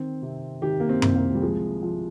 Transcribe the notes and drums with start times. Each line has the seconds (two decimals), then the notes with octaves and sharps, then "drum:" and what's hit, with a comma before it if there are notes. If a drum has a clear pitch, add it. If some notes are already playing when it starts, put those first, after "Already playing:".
Already playing: D#3 C4
0.22 C3
0.62 D#3 G4
0.80 A#3
0.89 C4
1.02 C2, drum: tom F#2
1.16 A#3
1.35 G3
1.42 F3 G#3
1.82 F3